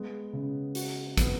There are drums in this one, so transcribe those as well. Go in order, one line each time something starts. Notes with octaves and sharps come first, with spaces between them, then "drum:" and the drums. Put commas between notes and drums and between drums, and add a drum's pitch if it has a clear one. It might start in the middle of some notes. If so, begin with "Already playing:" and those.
Already playing: G#3 B3
C#3
F#4, drum: hi-hat
B3, drum: kick, hi-hat